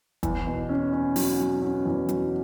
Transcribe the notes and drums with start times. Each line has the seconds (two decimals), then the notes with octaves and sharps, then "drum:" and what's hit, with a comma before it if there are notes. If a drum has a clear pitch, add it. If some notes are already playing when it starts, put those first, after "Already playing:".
0.23 E2, drum: kick, hi-hat
0.47 B2
0.69 C#4
0.92 C#4
1.16 F#3, drum: open hi-hat
1.39 F#3
1.62 C#4
1.86 E2
2.09 F#3, drum: hi-hat